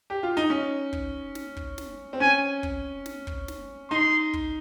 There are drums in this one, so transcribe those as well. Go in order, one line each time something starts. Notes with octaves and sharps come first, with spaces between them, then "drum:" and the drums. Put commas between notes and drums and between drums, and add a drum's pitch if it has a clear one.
G4
F4
D#4
C#4
drum: kick
drum: snare
drum: kick
drum: snare
C4
C#4 G#5
drum: kick
drum: snare
drum: kick
drum: snare
D#4 C6
drum: kick